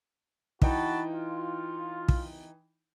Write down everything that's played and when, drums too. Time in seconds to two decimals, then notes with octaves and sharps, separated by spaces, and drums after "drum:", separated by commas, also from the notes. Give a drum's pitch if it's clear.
0.62 E3 D#4 F#4 B4 G5 A5, drum: kick
1.10 F4
2.08 drum: kick